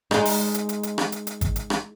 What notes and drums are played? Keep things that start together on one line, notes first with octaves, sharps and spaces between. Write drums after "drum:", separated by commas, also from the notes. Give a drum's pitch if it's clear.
G#3 D#4, drum: rim click
drum: open hi-hat
drum: hi-hat
drum: hi-hat
drum: hi-hat
drum: rim click
drum: hi-hat
drum: hi-hat
drum: kick, hi-hat
drum: hi-hat
drum: rim click